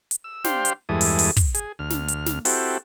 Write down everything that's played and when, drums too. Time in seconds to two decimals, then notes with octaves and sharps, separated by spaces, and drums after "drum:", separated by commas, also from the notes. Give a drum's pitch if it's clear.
0.11 drum: hi-hat
0.24 E6
0.44 D4 G4 C5 F5 G5 C6, drum: snare
0.65 drum: hi-hat
0.89 E2 G2 E3 G#3 A4 D#6
1.01 drum: open hi-hat
1.19 drum: open hi-hat
1.37 drum: kick, hi-hat
1.54 G#4, drum: hi-hat
1.79 D2 F6
1.90 drum: snare
2.08 drum: hi-hat
2.26 drum: snare
2.45 C4 E4 F#4 G4 A4, drum: open hi-hat